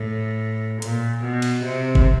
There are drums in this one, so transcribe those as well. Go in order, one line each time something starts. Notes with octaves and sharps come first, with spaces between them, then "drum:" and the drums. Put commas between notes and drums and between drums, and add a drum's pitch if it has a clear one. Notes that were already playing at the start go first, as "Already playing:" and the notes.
Already playing: A2
A#2, drum: hi-hat
B2
drum: cymbal
C3
drum: kick G1